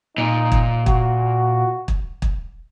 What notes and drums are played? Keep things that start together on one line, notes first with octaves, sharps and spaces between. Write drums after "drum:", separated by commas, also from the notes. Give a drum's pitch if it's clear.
A#2 D#4
drum: kick
F#4, drum: kick
drum: kick
drum: kick